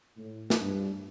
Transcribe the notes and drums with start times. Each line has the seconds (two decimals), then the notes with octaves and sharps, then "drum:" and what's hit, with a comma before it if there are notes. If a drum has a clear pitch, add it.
0.17 A2
0.50 drum: snare
0.60 G2